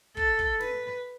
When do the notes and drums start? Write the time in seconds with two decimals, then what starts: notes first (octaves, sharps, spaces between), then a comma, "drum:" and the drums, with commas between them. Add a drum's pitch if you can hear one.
0.17 A4, drum: kick
0.39 drum: kick
0.60 B4, drum: snare